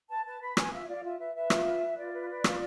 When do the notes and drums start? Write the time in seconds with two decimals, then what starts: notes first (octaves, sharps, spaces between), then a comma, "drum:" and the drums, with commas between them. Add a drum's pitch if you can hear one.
0.09 B4 A5
0.25 B4 A5
0.41 B4 B5
0.57 B4 G#5, drum: rim click
0.73 F4 E5
0.88 F4 D5
0.96 F5
1.03 F4 E5
1.19 B4 E5
1.34 B4 E5
1.50 F4, drum: rim click
1.66 B4
1.82 B4
1.97 F4 D5
2.13 B4
2.29 B4
2.44 F4, drum: rim click